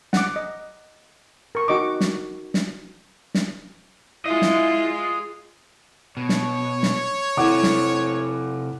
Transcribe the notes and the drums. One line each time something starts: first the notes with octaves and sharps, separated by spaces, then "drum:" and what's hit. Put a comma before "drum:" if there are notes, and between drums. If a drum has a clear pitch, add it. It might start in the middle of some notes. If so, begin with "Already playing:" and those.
F#5 D6, drum: snare
D#5
A#4 C#6
D#4 F#4 D#5 C#6 D6
drum: snare
drum: snare
drum: snare
E4 F4 G#4 D#5
drum: snare
B2 C#5
drum: snare
drum: snare
C3 C4 E4 A4 F#5 D6
drum: snare